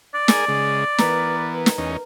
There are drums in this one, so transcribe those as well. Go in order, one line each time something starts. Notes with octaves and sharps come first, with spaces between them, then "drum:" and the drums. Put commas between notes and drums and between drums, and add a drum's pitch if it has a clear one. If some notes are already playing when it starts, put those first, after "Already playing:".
D5
G#4 A#4 G#5, drum: snare
C#3 G#3
E3 B3 A#4 B4 A#5, drum: snare
drum: snare
E2 C#4 D#4